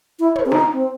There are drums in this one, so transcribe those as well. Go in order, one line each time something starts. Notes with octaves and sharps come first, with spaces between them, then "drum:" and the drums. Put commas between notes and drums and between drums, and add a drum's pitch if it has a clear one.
E4
drum: tom
C4
D#4, drum: snare
C4